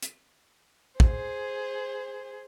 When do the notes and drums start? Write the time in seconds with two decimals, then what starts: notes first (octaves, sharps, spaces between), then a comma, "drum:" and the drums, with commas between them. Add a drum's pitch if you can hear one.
0.03 drum: hi-hat
1.00 G#4 C5, drum: kick